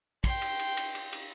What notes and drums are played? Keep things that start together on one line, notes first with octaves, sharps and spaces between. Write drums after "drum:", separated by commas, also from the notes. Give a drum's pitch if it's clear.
G5 C6, drum: kick, cymbal
drum: cymbal
drum: cymbal
drum: cymbal
drum: cymbal
drum: cymbal